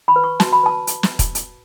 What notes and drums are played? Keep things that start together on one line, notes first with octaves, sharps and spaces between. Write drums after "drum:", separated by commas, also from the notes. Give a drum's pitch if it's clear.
B5
B4
C#6
F#4 A5, drum: snare
B5
B4 A5
drum: hi-hat
drum: snare
drum: kick, hi-hat
drum: hi-hat